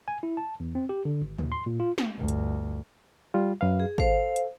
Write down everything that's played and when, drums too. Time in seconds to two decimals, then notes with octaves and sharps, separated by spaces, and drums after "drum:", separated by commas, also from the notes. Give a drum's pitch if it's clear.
0.08 G#5
0.23 E4
0.37 A5
0.60 E2
0.75 C4
0.89 G4
1.05 D3
1.22 G#1
1.38 D#2, drum: tom
1.52 C6
1.66 A#2
1.80 F4
1.98 drum: snare
2.18 G1 D2
2.28 drum: hi-hat
3.34 G3 F4
3.61 F#2 B4 F5
3.80 G#4
3.98 A4 C5 F5, drum: kick
4.36 drum: hi-hat